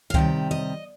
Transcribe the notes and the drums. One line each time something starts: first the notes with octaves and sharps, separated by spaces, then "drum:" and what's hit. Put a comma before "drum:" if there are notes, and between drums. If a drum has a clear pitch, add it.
F5
C3 D#3 G3 G5, drum: kick C#2
D#5